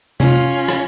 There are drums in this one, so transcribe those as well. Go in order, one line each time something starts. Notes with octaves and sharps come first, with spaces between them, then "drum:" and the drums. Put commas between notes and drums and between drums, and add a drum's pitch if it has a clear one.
C#4 F4, drum: tom C3
drum: rim click